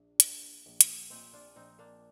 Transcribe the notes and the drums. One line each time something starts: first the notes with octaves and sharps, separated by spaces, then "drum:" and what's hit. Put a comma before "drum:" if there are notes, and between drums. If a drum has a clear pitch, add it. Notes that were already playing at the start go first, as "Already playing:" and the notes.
Already playing: A#1 D4
D4, drum: hi-hat
A#1
drum: hi-hat
A#2 C4 D#4
D4 F4
A#1 C4 D#4
A#3 D4